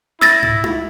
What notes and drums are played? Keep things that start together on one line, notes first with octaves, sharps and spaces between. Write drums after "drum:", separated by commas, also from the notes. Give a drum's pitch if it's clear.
E4 E6 A6 A#6, drum: snare
drum: tom
drum: tom D#4